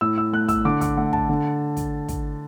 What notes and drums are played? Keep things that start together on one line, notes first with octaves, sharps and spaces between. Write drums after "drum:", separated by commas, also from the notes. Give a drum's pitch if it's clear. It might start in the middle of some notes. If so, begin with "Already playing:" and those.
A2 E6
E6
A3 F#6
E6, drum: kick, hi-hat
D3 D6
D6, drum: kick, hi-hat
A3 F#5
A5, drum: kick
D3
drum: kick, hi-hat
drum: kick, hi-hat